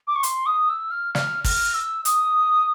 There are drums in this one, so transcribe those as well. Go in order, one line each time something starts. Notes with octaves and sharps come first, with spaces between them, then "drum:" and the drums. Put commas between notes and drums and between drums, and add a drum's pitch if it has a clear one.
D6
C#6
C6, drum: hi-hat
D#6
E6
F6
F6, drum: snare
F6, drum: kick, open hi-hat
E6
D#6, drum: hi-hat